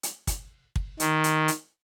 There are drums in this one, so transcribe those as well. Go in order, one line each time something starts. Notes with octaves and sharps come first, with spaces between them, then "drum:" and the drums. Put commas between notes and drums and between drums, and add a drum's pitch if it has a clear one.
drum: hi-hat
drum: kick, hi-hat
drum: kick
D#3, drum: hi-hat
drum: hi-hat
drum: hi-hat